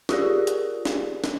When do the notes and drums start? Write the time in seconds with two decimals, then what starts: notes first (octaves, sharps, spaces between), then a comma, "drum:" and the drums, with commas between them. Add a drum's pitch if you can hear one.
0.09 F4 G4 G#4 A#4 D5, drum: snare
0.47 drum: hi-hat
0.85 drum: snare
1.24 drum: snare